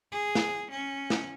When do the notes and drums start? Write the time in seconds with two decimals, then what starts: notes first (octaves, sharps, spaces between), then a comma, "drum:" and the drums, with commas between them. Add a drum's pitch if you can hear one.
0.12 G#4
0.35 drum: snare
0.71 C#4
1.10 drum: snare